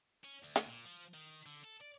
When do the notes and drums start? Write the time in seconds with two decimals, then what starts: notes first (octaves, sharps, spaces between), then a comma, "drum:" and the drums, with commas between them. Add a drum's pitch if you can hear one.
0.24 C#4
0.44 D2
0.56 drum: hi-hat
0.68 A#2
0.85 F3
1.14 D#3
1.46 D3
1.64 A4
1.81 D5